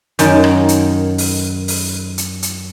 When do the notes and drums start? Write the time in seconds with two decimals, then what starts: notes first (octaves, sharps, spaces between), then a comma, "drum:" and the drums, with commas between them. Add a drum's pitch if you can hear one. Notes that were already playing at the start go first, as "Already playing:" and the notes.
0.19 F#2 D#3 A#4, drum: hi-hat
0.44 drum: rim click
0.69 drum: hi-hat
1.18 drum: open hi-hat
1.68 drum: open hi-hat
2.18 drum: hi-hat
2.43 drum: hi-hat